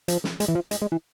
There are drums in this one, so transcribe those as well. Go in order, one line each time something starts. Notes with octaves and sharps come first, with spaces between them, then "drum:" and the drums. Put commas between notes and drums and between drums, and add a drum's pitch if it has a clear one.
F3, drum: hi-hat
drum: snare
G#3, drum: hi-hat
E3
F3
G#3, drum: hi-hat
G#3
E3